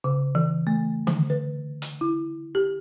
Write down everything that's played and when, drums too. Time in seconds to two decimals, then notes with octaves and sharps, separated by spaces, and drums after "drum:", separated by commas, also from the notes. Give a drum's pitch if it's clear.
0.04 C#3
0.35 E3
0.67 A3
1.07 D3, drum: tom D#3
1.30 B4
1.82 drum: hi-hat
2.01 E4
2.55 G4